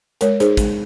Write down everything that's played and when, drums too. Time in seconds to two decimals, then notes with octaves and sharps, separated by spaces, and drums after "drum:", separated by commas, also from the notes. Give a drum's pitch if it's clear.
0.21 G#3 A#4 C#5, drum: hi-hat
0.40 D#4 G#4 C5, drum: hi-hat
0.57 G#3, drum: kick, hi-hat